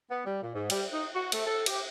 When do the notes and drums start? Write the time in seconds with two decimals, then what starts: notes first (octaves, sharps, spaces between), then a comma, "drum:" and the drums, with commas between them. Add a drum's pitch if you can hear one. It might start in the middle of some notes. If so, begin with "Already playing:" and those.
0.10 B3
0.24 G3
0.42 A#2
0.54 G#2
0.70 G3, drum: cymbal
0.91 D#4
1.14 F#4
1.32 A3, drum: cymbal
1.46 A4
1.66 G4, drum: cymbal